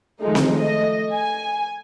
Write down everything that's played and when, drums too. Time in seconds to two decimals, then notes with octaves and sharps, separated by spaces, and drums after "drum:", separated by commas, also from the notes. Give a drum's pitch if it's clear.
0.21 D#3 F3 G#3 A3 D#4
0.35 drum: snare C4
0.54 A3 D#5
1.13 G#5